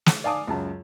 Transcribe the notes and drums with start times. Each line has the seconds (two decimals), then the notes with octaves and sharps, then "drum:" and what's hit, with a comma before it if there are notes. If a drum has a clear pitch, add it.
0.06 drum: snare
0.24 D5 F5 G#5 A5 D6 D#6
0.47 C#2 F#2 A5